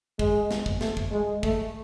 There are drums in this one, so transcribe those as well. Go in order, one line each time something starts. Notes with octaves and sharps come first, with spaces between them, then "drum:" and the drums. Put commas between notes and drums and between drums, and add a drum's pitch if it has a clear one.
G#3, drum: kick
drum: snare
drum: kick
A3, drum: snare
drum: kick
G#3
A3, drum: kick